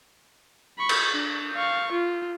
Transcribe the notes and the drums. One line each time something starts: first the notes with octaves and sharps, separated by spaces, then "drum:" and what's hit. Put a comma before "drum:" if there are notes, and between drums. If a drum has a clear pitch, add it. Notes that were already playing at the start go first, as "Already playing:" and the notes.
B5 C#6
drum: cymbal
D4
F5 C#6
F4